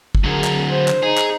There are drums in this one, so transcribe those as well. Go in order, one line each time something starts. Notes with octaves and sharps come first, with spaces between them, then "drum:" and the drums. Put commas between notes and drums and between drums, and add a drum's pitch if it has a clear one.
drum: kick
D3 F#3 G#4 A#4
drum: clap
C5
drum: clap
D#4 G#4
drum: clap